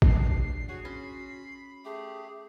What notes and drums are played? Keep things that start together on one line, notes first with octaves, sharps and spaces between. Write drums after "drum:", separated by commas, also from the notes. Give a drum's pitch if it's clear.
D4 G4 C7, drum: kick A1
F#4 G#4 C#5 F#5
C#4 B5 C6
A3 G4 G#4